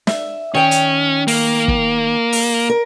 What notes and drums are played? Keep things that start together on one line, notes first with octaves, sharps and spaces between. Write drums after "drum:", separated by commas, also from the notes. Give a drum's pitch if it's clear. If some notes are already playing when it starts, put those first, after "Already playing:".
E5, drum: snare
D#3 C#4 G5
drum: hi-hat
A#3, drum: open hi-hat
drum: kick
drum: open hi-hat
A#4